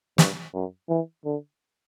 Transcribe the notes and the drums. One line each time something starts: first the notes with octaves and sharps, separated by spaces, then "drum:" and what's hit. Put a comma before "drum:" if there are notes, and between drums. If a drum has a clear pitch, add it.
G2, drum: snare
F#2
E3
D3